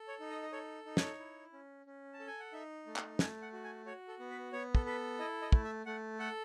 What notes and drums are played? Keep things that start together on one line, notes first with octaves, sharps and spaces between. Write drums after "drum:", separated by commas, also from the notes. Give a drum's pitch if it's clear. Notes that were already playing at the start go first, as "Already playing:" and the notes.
Already playing: A4
C#5
D#4
D#5
D#5
A4 C#5
D#4
C#5, drum: snare
E4
C#4
C#4
A5
A4
G#5
F#5
D#4 E5
A3
drum: clap
A3 G#5, drum: snare
F#5
F#4
G#5
F#4 C#5
A4
B3
B4
B3 C#5
A4, drum: kick
A4 B4
E4 D#5
D#5
A3, drum: kick
E5
A3 F#5
A4 F#5